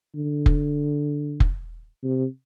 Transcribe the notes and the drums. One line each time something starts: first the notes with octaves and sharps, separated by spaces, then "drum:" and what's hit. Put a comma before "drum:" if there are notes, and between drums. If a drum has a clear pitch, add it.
D3
drum: kick F1
drum: kick F1
C3